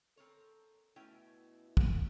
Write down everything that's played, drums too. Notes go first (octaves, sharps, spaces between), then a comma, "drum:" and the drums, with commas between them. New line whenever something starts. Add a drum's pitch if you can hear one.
C4 A4 A#4 C#5
B2 A3 C#4 E4 G5
drum: kick